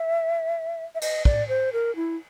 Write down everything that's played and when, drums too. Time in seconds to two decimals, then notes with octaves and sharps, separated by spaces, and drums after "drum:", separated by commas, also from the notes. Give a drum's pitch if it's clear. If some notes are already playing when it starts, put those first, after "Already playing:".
Already playing: E5
0.95 E5
1.02 D#5, drum: cymbal
1.25 D5, drum: kick
1.48 C5
1.73 A#4
1.96 E4